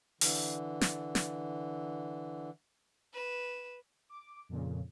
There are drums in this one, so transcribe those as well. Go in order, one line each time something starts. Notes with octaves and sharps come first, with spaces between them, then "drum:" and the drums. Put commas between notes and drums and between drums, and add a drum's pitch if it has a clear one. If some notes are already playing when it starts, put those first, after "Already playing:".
D3 E3, drum: open hi-hat
drum: snare
drum: snare
B4 E7
D6
F2 A#2 C#3